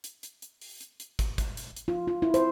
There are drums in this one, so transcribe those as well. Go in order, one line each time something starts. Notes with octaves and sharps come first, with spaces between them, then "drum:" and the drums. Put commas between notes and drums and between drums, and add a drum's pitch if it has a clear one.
drum: hi-hat
drum: hi-hat
drum: hi-hat
drum: open hi-hat
drum: hi-hat
drum: hi-hat
drum: kick, hi-hat
drum: kick, hi-hat
drum: hi-hat
drum: hi-hat
F4
F4
E4
C5, drum: hi-hat